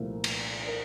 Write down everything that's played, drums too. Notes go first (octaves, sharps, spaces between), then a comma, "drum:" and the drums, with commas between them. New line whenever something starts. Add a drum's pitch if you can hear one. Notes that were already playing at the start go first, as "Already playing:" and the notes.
Already playing: C2 A#2 F3 A3 A#4
drum: cymbal
A#4